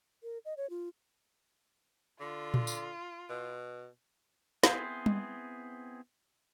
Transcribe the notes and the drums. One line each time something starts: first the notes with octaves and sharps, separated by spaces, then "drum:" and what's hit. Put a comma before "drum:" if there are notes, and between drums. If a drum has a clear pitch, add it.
A#4
D#5
C#5
F4
D3 F4
drum: tom A#2
drum: tambourine
B2
B3 C4 E4 G#4 C5, drum: snare
drum: tom G3